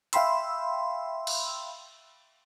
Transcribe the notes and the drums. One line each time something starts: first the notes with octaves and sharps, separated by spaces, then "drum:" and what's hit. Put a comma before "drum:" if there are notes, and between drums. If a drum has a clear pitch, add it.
E5 F5 G5 B5 C6 E6, drum: hi-hat
drum: cymbal